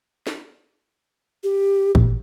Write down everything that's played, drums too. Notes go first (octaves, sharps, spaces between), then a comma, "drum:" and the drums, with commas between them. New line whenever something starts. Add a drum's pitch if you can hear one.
drum: snare
G4
A#1, drum: kick G#1